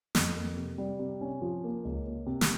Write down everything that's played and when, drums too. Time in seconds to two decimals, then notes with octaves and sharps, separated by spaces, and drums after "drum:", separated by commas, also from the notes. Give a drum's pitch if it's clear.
0.15 F2, drum: snare
0.35 A#3
0.57 C3
0.78 G3
0.99 C3
1.21 C#4
1.42 F3
1.64 A#3
1.85 C#2
2.06 A#3
2.26 C3
2.41 drum: snare